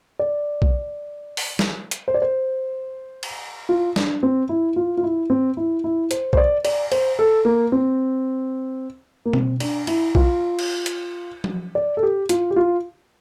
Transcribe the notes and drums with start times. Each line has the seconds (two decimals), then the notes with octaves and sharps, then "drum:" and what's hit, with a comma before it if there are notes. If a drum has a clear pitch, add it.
0.19 D5
0.62 drum: kick B1
1.37 drum: open hi-hat
1.59 drum: snare
1.91 drum: hi-hat
2.08 C5
2.14 D5
2.22 C5
3.23 drum: cymbal
3.69 F4
3.96 D4, drum: snare
4.23 C4
4.49 E4
4.76 F4
4.97 F4
5.03 E4
5.30 C4
5.57 E4
5.84 E4
6.11 C5, drum: hi-hat
6.33 C5, drum: kick B1
6.37 D5
6.65 D5, drum: cymbal
6.92 C5, drum: cymbal
7.19 A4
7.45 A#3
7.72 C4
9.25 A#3
9.33 C4, drum: tom B2
9.60 D4, drum: cymbal
9.87 E4, drum: cymbal
10.15 F4, drum: kick B1
10.59 drum: cymbal
10.86 drum: hi-hat
11.44 drum: tom F3
11.75 D5
11.97 A4
12.03 G4
12.29 F4, drum: hi-hat
12.51 G4
12.56 F4